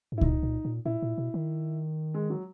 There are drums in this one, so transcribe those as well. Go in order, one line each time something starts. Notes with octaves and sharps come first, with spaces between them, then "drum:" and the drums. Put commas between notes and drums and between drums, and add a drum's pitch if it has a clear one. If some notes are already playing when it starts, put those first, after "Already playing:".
G#2
E4
A#2 D#4, drum: kick C#2
A#2
A#2
A#2 E4
A#2
B2
D#3
G#3
F#3